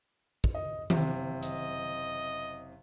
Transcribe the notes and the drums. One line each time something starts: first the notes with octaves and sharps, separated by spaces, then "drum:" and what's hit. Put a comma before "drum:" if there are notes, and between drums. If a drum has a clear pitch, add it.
drum: kick
D#5
F#1 C3, drum: tom D#3
D#5, drum: hi-hat